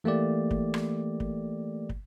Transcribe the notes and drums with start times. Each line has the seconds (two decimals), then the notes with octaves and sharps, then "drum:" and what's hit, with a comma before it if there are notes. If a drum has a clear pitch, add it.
0.04 E3 A3 A#3 G4 D5
0.51 drum: kick
0.74 drum: rim click
1.20 drum: kick
1.89 drum: kick